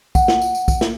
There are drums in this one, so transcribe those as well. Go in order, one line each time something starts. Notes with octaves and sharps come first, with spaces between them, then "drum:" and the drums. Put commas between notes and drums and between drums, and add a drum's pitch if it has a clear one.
F#5, drum: kick, tambourine
drum: snare
drum: tambourine
drum: tambourine
drum: kick, tambourine
drum: snare